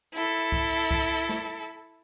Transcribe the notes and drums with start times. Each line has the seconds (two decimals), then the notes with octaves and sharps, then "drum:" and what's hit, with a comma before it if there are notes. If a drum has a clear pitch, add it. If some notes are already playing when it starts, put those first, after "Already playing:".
0.14 E4 A4
0.52 drum: kick C2
0.91 drum: kick C2
1.29 drum: snare